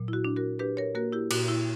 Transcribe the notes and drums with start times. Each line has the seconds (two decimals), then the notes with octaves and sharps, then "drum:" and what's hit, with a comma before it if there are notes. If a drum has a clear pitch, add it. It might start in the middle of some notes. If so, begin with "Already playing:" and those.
Already playing: A#2 F#3
0.08 E4
0.13 F#4
0.25 D4
0.36 F#4 A#4
0.59 D4 G4 B4
0.77 A#4 C#5
0.95 A#3 F#4 A#4
1.12 E4 G4
1.31 A#2 F#4, drum: cymbal
1.48 E4